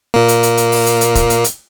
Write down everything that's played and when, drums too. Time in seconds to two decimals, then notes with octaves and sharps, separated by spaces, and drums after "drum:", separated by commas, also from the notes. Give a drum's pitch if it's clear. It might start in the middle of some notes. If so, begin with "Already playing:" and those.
0.14 A#2 A#3
0.28 drum: hi-hat
0.43 drum: hi-hat
0.57 drum: hi-hat
0.72 drum: open hi-hat
0.86 drum: hi-hat
1.01 drum: hi-hat
1.15 drum: kick, hi-hat
1.30 drum: hi-hat
1.44 drum: hi-hat